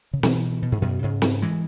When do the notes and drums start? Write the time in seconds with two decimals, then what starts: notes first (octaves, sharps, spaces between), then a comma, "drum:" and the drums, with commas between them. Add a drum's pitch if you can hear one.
0.13 C#3
0.23 B2 E3, drum: snare
0.62 B2
0.72 G#2
0.82 F#2 B2
1.03 G#2 C#3
1.22 drum: snare
1.42 E3 G#3